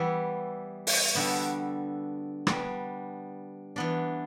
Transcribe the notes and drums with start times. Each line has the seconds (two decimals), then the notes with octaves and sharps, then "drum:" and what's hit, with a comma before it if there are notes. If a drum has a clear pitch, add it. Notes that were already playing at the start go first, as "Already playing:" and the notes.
Already playing: E3 G3 B3 E4
0.87 drum: open hi-hat
1.15 D3 G3 B3 F#4 A4
2.47 G3 B3 D4, drum: rim click
3.76 E3 B3 D4